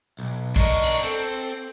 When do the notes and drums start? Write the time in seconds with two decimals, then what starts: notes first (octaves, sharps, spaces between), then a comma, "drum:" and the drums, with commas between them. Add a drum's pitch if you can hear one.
0.19 B1
0.56 D4 A#4 D#5 C#6, drum: kick A#1
0.83 drum: cymbal
1.02 C4 A4